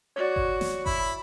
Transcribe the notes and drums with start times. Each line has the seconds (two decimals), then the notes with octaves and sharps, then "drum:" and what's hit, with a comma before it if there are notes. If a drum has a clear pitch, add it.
0.16 F#4 C#5 D5
0.36 drum: kick G1
0.61 drum: snare
0.86 E4 B5, drum: kick G1